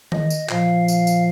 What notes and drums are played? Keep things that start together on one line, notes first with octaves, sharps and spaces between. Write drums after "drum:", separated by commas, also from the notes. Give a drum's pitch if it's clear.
D#5, drum: tom D#3
drum: tambourine
A#2 F3 F5, drum: clap
F5, drum: tambourine
drum: tambourine